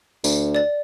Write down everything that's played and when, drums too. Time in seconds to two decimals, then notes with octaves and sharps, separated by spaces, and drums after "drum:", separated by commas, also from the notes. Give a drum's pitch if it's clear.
0.24 D2, drum: tambourine
0.55 D5 A6